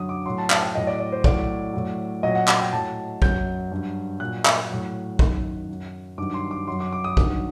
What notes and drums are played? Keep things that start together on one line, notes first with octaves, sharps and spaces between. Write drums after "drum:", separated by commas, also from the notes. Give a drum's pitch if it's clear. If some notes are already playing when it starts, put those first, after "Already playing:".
Already playing: F#2 D3 F#3 D#6
D6
A2 F#3 C6
A5
A5, drum: clap
G5
A2 F#3 D#5
D5
D5
C5
A2 F#3 D5, drum: kick
A2 F#3
A#2 F#3 D#5
F#5
drum: clap
G5
A2 F#3 A5
F#2 F#3 G6, drum: kick
G2 F#3
A#2 F#3 F#6
drum: clap
A2 F#3
F#2 D#3 F#3, drum: kick
F#2 F#3
G2 D#3 F#3 D6
C6
D6
F#2 F#3 C6
D6
D6
D#6
G2 D#3 F#3, drum: kick